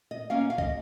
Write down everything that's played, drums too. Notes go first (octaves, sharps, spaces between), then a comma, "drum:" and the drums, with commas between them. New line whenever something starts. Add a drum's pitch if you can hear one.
D#5
A#3 C#4 F5
F5
D#5, drum: kick C2